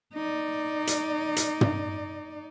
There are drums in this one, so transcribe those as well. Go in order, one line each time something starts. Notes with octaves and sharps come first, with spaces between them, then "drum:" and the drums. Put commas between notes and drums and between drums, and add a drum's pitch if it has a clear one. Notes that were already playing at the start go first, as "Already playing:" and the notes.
D#4 D5
drum: hi-hat
drum: hi-hat
drum: tom